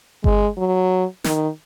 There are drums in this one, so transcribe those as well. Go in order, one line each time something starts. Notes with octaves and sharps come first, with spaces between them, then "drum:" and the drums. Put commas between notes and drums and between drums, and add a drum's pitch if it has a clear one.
G#3, drum: kick G1
F#3
D#3, drum: snare